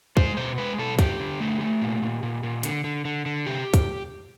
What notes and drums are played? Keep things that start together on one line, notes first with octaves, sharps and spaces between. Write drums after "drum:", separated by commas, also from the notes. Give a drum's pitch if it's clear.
G#3 C5, drum: kick
B2 C5
G#3 B4
B2 A4
D3 G4, drum: kick, hi-hat
D3
A3
A3
A#2
A#2
A#2
A#2
D3, drum: hi-hat
D3
D3
D3
C3 G4
drum: kick, hi-hat